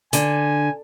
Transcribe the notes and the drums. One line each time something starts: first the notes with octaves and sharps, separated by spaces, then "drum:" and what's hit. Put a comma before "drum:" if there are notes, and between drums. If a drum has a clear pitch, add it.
D3 G#5, drum: hi-hat